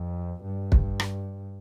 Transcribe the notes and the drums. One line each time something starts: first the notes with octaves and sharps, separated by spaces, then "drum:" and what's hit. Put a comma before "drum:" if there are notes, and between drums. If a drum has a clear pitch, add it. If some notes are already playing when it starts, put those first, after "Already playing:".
Already playing: F2
G2
drum: kick
drum: rim click